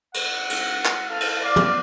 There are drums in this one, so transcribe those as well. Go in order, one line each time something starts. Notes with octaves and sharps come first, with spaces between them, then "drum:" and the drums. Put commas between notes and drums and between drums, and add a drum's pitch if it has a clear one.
F#5, drum: cymbal
drum: cymbal
drum: clap
A4 F5
drum: cymbal
D5 F5
drum: tom